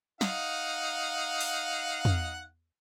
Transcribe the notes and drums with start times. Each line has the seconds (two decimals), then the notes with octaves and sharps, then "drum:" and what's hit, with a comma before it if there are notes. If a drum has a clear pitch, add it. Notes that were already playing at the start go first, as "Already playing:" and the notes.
0.21 D#4 F5 F#5, drum: snare
1.41 drum: open hi-hat
2.05 drum: tom